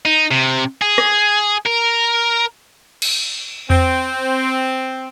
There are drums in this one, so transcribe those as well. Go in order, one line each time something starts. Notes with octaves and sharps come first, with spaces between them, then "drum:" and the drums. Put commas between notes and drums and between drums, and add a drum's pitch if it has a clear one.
D#4
C3
G#4
drum: rim click
A#4
drum: cymbal
C4, drum: tom E2